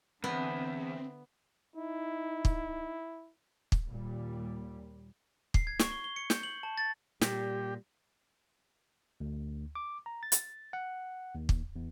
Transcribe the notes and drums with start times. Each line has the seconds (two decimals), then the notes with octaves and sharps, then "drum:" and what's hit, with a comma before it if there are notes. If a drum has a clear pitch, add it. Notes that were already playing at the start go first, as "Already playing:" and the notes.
0.24 E2 G2 D3 B3 C4 E5
1.76 D#4 E4
2.45 drum: kick
3.72 drum: kick
3.87 D#2 A#2 G3
5.54 C7, drum: kick
5.67 G#6
5.79 C#6, drum: snare
5.92 G7
6.04 G7
6.16 C#7
6.30 G6, drum: snare
6.43 F#7
6.63 A5
6.78 A6
7.21 A#2 G3 G4, drum: snare
9.20 D2
9.75 D6
10.06 A#5
10.23 A6
10.32 drum: hi-hat
10.73 F#5
11.35 D#2
11.49 drum: kick
11.76 E2